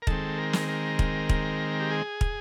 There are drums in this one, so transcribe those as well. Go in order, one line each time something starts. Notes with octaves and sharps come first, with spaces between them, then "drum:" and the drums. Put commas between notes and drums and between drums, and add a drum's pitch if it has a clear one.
A#4
D#3 G#3 C4 A4, drum: kick
A#4
drum: snare
A#4
drum: kick
drum: kick
G4
G#4
drum: kick